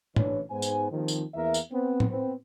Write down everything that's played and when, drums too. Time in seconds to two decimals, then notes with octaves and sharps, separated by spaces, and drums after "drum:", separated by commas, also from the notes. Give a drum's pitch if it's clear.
0.16 A1 E3 D4 C#5, drum: tom
0.51 G#2 B3 C5 G#5
0.62 drum: tambourine
0.91 D#2 D#3 F3 C4
1.08 drum: tambourine
1.35 E2 E3 A#3 A#4 E5
1.54 drum: tambourine
1.72 B3 C4
2.00 drum: tom A2
2.10 B3 C4